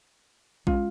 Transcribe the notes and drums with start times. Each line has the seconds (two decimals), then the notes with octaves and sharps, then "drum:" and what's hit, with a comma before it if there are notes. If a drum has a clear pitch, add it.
0.67 G#3 C#4 F4, drum: kick A#1